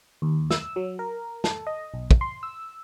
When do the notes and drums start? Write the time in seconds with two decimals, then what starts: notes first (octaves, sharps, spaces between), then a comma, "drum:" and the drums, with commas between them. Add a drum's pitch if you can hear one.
0.22 D#2
0.51 E6, drum: snare
0.76 F#3
0.99 A#4
1.44 A4, drum: snare
1.67 D#5
1.94 B1
2.11 drum: kick
2.21 C6
2.43 E6